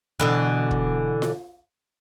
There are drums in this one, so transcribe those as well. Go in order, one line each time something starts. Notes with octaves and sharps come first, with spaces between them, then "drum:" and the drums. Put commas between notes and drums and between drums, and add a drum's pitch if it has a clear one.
B2 D3 E3
drum: kick
drum: snare F4